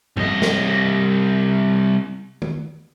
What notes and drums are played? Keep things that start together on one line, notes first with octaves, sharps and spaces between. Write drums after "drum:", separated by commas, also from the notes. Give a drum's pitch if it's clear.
C2 D#5, drum: tom G#2
drum: snare
drum: tom